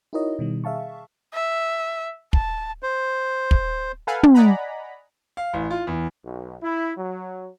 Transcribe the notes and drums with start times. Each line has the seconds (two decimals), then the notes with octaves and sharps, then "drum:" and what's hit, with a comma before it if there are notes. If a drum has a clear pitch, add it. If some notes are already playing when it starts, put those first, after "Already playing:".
0.13 D#4 E4 F#4 A#4 C#5 D#5
0.39 B2 D#3 G3
0.64 G#4 E5 F5 A5 C#6
1.34 E5
2.33 A5, drum: kick
2.83 C5
3.51 drum: kick
4.07 A4 B4 F5 F#5 G#5
4.23 drum: tom
4.34 D5 D#5 F#5 G#5 A#5 B5
5.37 F5
5.53 A1
5.71 F4
5.87 E2
6.24 B1
6.61 E4
6.97 F#3